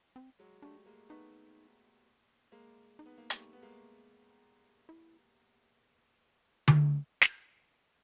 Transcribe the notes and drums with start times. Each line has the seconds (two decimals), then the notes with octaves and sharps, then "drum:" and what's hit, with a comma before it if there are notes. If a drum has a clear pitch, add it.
0.16 C4
0.39 F#3 G#3
0.62 G3 A3 D4
0.86 G#3 A#3
1.09 A3 B3 D#4
2.52 G#3 A#3
2.99 D#4
3.06 B3
3.18 A#3
3.30 G3 A3, drum: hi-hat
3.53 B3
3.62 G#3 A#3
4.89 E4
6.68 drum: tom D3
7.21 drum: snare